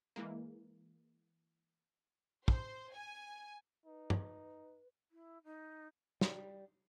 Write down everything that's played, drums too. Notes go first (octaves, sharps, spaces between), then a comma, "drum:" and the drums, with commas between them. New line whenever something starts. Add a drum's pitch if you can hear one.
E3 G#3 A#3
C5, drum: kick
G#5
D#4 B4
drum: tom
E4
D#4
G3, drum: snare